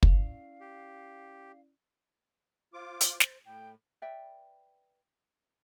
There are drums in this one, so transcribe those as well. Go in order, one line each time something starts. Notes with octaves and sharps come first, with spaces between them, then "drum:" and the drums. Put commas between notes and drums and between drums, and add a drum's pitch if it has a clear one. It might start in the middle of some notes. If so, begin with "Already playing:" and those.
C#4 E4 D5 F5, drum: kick
G4
F4 C5 D6
drum: hi-hat
drum: snare
A2 G5
B4 D5 E5 G5